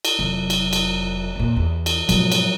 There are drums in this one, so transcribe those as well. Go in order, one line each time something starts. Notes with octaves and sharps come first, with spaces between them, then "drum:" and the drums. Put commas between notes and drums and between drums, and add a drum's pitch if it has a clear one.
drum: cymbal
F1 F#3
drum: cymbal
drum: cymbal
F2 A#2
E2
drum: cymbal
G#2 B2 F3 F#3, drum: cymbal
drum: cymbal